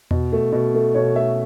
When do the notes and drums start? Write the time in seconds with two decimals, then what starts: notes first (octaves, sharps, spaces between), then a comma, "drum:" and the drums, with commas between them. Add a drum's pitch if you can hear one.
0.11 B2, drum: tom E2
0.32 A3
0.52 B2
0.74 A3
0.94 B2 C#5
1.15 A3 E5